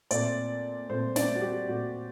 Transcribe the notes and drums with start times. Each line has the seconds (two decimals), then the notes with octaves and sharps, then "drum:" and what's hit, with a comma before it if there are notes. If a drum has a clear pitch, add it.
0.11 A#2 A3 C4 D5, drum: hi-hat
0.89 A#2 A3 C4 C5
1.16 D5, drum: snare
1.35 F#4
1.41 G4
1.68 A#2 A3 C4 F#4